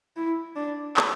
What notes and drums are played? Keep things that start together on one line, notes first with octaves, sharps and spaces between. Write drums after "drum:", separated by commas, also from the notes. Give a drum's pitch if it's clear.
E4
D4
drum: clap